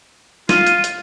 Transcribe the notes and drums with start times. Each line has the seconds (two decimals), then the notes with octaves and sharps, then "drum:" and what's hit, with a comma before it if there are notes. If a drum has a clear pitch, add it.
0.49 F4 D#7, drum: snare
0.67 drum: hi-hat
0.84 drum: hi-hat